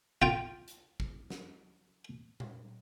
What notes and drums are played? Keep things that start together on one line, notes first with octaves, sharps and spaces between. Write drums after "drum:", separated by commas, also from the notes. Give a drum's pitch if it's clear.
F4 G5, drum: kick
drum: hi-hat
drum: kick
drum: snare
drum: tom A#2